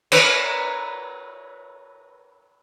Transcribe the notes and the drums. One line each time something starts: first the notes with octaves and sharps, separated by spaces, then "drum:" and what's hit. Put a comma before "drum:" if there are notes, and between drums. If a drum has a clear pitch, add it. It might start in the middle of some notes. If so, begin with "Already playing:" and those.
A#4 B4 C#5, drum: cymbal